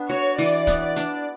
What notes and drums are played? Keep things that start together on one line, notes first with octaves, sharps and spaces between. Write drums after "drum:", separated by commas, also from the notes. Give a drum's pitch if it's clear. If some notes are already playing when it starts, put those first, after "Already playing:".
Already playing: B3 D4
F#4 C#5
E3 D5, drum: open hi-hat
B3, drum: kick, hi-hat
D5
D4, drum: hi-hat